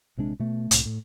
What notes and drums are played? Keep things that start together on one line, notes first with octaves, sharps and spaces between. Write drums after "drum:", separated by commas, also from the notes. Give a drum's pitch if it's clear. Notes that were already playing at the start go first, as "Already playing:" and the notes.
A#1 C3 G#3 D4
B2 A3
C2 A2, drum: hi-hat
A2